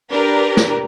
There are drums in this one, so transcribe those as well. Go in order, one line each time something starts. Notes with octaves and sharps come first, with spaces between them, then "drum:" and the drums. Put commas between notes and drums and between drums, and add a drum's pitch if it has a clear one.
D4 G4 A#4 B4
drum: snare